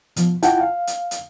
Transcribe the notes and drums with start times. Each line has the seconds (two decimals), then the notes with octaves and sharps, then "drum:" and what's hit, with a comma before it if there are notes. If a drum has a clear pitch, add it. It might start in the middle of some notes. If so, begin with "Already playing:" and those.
0.16 B2 F3, drum: hi-hat
0.43 E4 F4 F#5 G5 A5, drum: hi-hat
0.61 F5
0.87 drum: hi-hat
1.11 drum: hi-hat